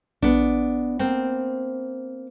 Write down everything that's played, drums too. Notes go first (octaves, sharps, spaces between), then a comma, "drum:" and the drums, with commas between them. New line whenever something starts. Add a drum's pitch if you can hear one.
B3 D4, drum: kick A#1
A#3 C4